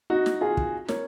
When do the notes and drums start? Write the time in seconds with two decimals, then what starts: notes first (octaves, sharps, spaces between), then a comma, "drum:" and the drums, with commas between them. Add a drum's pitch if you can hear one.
0.10 D#4 F#4
0.26 drum: snare
0.41 F4 G#4
0.57 drum: kick
0.88 A#4 C#5, drum: snare